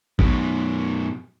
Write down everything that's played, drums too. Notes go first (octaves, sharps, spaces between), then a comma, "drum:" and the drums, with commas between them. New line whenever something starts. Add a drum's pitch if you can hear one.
F#2 B2, drum: kick A1